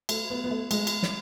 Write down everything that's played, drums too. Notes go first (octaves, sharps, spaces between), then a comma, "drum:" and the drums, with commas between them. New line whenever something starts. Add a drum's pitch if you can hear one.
A3, drum: cymbal
B3
B3
A3
G#3, drum: cymbal
drum: cymbal
drum: snare